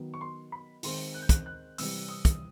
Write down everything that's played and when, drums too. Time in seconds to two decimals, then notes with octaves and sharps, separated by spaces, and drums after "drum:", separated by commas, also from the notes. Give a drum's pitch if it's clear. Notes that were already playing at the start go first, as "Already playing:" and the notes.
Already playing: D#3 F#3 B3
0.14 C#6
0.21 C6
0.52 B5
0.83 D#3 G#3 C4 C6, drum: open hi-hat
1.14 F#6
1.22 G6
1.29 F#6, drum: kick, hi-hat
1.46 F#6
1.78 C3 E3 G3 E6, drum: open hi-hat
2.09 D#6
2.25 drum: kick, hi-hat